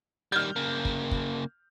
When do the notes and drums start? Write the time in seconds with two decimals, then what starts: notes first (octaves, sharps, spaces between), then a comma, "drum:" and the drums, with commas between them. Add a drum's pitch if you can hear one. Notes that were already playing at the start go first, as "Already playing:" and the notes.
0.32 D#3 G3 F6 G6
0.56 C#3 A#3
0.85 drum: kick
1.11 drum: kick